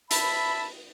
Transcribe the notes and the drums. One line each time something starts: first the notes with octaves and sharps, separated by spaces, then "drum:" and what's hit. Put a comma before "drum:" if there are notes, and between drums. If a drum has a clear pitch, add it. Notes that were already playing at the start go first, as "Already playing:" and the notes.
E5 A5 B5, drum: hi-hat